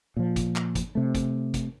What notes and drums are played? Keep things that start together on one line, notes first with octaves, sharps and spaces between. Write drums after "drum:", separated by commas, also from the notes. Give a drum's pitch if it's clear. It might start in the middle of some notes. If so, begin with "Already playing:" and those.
A#2 F3
drum: kick, hi-hat
drum: clap
drum: kick, hi-hat
C3 A3
drum: kick, hi-hat
drum: kick, hi-hat